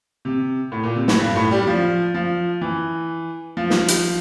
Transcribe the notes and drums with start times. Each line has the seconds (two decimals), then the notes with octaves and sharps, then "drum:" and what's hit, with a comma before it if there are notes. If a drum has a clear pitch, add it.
0.25 C3
0.72 A2
0.83 A#2
0.96 C3
1.08 A2, drum: snare
1.19 G2
1.36 A2
1.51 G3
1.67 F3
2.15 F3
2.61 E3
3.57 F3
3.70 drum: snare
3.88 drum: hi-hat